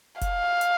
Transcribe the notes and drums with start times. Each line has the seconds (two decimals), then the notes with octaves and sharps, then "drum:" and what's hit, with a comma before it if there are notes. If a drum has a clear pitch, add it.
0.21 F5, drum: kick F1, hi-hat
0.61 drum: hi-hat